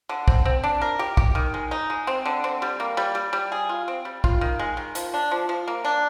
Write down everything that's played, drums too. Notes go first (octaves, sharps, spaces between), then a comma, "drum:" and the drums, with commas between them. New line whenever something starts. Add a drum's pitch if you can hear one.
D3
C4, drum: kick
C4
D4
A#4
G4
G4, drum: kick
D#3
G#3
D#4
G#3
C4
D3
C4
G3
A#3
G3
G3
G3
G#4
F4
C4
G3
F4, drum: kick
D#3
G#3
D#3
F3, drum: hi-hat
D4
F3
F3
A#3
D4